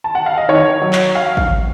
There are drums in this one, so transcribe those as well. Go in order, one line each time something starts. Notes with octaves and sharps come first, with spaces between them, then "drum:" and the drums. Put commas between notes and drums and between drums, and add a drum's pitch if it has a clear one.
A5
F#5
F5
D#5
D#3 C#5
F#3
drum: clap
F5
drum: kick A1